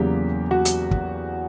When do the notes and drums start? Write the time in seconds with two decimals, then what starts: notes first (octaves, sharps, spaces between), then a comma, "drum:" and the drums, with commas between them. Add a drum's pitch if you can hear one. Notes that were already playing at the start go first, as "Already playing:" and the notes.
Already playing: E2 C#3 F#3 A#3 G4
0.51 F#4
0.65 drum: hi-hat
0.91 drum: kick